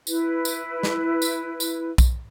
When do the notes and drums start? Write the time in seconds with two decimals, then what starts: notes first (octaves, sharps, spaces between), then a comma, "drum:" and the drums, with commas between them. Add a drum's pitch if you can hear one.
0.07 E4 B4, drum: tambourine
0.45 drum: tambourine
0.83 drum: snare
1.22 drum: tambourine
1.60 drum: tambourine
1.98 drum: kick B1, tambourine